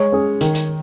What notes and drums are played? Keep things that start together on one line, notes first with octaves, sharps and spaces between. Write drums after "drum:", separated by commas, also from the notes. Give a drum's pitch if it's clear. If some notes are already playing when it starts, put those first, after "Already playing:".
Already playing: G#3 C#5
C#4 G#4
D#3, drum: hi-hat
drum: hi-hat